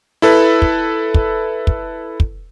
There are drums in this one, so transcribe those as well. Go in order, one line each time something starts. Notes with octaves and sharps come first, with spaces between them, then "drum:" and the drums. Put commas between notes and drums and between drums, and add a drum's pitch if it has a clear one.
E4 A4 B4
drum: kick
drum: kick
drum: kick
drum: kick